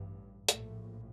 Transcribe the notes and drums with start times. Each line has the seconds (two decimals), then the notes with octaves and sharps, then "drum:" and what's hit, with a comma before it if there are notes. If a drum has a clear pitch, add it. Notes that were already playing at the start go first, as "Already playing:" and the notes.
Already playing: A1 G2
0.48 A#1 A2 A3, drum: hi-hat